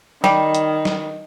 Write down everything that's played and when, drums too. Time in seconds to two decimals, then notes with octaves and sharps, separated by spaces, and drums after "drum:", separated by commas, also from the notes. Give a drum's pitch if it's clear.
0.24 D#3 G3, drum: snare
0.55 drum: hi-hat
0.85 drum: snare